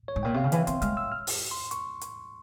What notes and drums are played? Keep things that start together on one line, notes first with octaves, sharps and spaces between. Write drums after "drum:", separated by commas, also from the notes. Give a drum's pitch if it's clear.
C#5
G#2
A#2 G5
C3 F5
C#3
E3 E5, drum: hi-hat
C4 C6, drum: hi-hat
G#3 F6, drum: hi-hat
E6
F6
drum: open hi-hat
C6
C#6, drum: hi-hat
drum: hi-hat